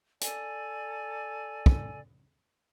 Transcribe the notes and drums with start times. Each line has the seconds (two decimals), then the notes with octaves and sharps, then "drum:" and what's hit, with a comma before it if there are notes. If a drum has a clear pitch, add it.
0.21 A4 D5 G#5, drum: hi-hat
1.66 drum: kick